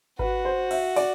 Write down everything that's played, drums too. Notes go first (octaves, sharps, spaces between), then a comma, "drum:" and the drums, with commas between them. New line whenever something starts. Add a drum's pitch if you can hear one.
F#4 B4, drum: kick G#1
C5
E5, drum: cymbal
D5, drum: open hi-hat